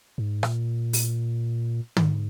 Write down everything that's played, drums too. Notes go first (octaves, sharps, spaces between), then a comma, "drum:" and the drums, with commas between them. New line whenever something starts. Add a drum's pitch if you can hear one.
G#2
A#2, drum: rim click
drum: open hi-hat
G#2, drum: tom